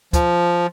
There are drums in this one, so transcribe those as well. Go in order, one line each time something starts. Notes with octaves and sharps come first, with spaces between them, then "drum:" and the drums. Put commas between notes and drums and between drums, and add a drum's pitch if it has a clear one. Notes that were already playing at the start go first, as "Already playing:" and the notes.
F3, drum: kick, hi-hat